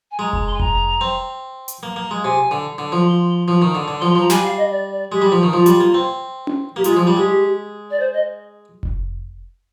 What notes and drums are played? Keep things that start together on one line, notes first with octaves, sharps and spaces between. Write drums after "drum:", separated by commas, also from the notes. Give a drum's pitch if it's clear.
G#5
G#3 A#5
A#5, drum: kick F1
C6
G#5
A#5, drum: kick F1
C4
drum: hi-hat
A#3
A#3
G#3
C3 G#5
D3
D3
F3
C6
F3
D#3
D3
D3
C6
F3
C6
F3 A#5
G3 G#5, drum: snare
F5
D#5
D5
D5
G#3 G4
G3
F3
D#3
F3 F4
G3, drum: hi-hat
A#3
C4
drum: tom C#4
A#3 G4
G#3 F4, drum: hi-hat
F3 F4
G3 F4
G#3 G4
D5
C5
D#5
drum: kick F1